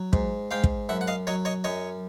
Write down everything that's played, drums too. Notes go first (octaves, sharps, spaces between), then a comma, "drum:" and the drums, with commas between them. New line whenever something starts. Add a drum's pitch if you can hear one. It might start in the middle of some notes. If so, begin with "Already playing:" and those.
Already playing: F#3
G#2, drum: kick
G#2 F5 G5
drum: kick
F#2 E5 F#5
F#5
D#5 F5
F#3 C#5 D#5
C#5 D#5
F#2 C#5 D#5